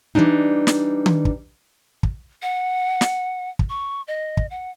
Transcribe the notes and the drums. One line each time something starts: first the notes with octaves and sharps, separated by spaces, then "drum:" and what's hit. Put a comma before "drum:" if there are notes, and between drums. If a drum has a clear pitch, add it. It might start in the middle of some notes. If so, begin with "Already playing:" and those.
E3 F#3 G3 D4 D#4
drum: snare
drum: tom D#3
drum: kick
drum: kick
F#5
drum: snare
drum: kick
C#6
D#5
drum: kick
F#5